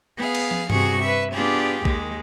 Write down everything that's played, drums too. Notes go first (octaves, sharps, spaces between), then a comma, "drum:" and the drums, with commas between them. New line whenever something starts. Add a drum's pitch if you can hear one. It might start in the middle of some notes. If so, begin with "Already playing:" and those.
B3 G#4 F5
drum: cymbal
drum: tom
G2 C3 F#4 G#4 C#6, drum: tom G2
B4 E5
B3 D4 F4 G4 G#4
D#2 D#3 G#3, drum: kick A#1